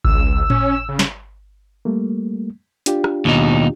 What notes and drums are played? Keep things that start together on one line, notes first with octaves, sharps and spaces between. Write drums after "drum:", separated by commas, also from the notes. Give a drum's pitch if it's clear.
C#2 E6, drum: kick G#1
C#4, drum: tom A2
C#3
drum: snare
G3 A3 A#3
D4 F4 G4, drum: hi-hat
drum: rim click
D#2 B2 D#4